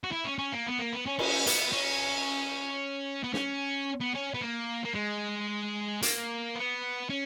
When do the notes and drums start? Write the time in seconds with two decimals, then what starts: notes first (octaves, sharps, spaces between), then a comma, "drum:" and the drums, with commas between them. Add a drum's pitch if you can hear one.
0.04 F#4
0.12 E4
0.25 C#4
0.38 C#4
0.52 A#3
0.66 B3
0.79 A#3
0.92 B3
1.06 C#4
1.19 C#4, drum: cymbal
1.47 B3, drum: hi-hat
1.72 C#4
3.24 B3
3.34 C#4, drum: snare
4.01 B3
4.15 C#4
4.34 B3
4.42 A#3
4.85 A#3
4.95 G#3
6.02 A#3, drum: hi-hat
6.55 B3
7.10 C#4